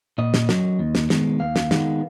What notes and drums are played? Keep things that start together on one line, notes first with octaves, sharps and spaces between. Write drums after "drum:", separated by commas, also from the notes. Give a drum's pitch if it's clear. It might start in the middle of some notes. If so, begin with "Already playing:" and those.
A#2 D#5
drum: snare
F#3 C#4, drum: snare
D#2
drum: snare
D#3 G#3 B3, drum: snare
D#2 F5
drum: snare
D#3 G#3 B3, drum: snare